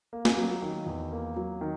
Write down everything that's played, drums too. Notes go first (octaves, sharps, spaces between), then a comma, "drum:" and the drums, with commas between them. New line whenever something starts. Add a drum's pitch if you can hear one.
A#3
drum: snare
F#3
D#3
E2
A#3
F#3
D#3